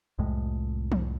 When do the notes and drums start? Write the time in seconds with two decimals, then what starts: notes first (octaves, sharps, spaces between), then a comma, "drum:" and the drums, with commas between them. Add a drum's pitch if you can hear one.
0.19 C2 F2 A2 G#3
0.92 drum: tom E3